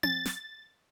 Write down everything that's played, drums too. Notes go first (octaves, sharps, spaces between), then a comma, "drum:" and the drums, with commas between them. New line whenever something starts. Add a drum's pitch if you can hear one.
A6, drum: tom C4
drum: snare